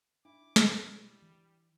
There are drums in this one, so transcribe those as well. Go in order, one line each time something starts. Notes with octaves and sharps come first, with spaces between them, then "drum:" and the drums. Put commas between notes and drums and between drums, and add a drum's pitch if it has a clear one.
D4 E4 D6
drum: snare
B2 G3 G#3
E3